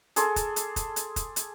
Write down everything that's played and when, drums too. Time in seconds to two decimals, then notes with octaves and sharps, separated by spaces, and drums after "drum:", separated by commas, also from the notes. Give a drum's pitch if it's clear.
0.16 G#4 A4 C6 D6, drum: hi-hat
0.36 drum: kick F1, hi-hat
0.56 drum: hi-hat
0.76 drum: kick F1, hi-hat
0.96 drum: hi-hat
1.16 drum: kick F1, hi-hat
1.36 drum: hi-hat